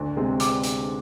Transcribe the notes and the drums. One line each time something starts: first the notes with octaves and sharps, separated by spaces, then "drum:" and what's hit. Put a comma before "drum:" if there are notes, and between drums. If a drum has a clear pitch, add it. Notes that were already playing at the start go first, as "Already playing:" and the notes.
Already playing: D2
C3 G#3 C4
D6, drum: hi-hat
drum: hi-hat